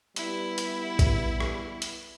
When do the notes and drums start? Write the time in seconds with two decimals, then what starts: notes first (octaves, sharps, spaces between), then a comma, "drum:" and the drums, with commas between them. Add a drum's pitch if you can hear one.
0.16 G3 B3 E4, drum: hi-hat
0.58 drum: hi-hat
0.99 drum: kick A#1, hi-hat
1.40 drum: rim click
1.82 drum: hi-hat